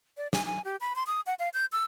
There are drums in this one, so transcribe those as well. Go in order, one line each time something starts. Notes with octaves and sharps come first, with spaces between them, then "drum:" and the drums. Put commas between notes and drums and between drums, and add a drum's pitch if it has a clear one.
D5
G#5, drum: snare
G#5
G4
B5
C6
D#6
F#5
F5
G6
E6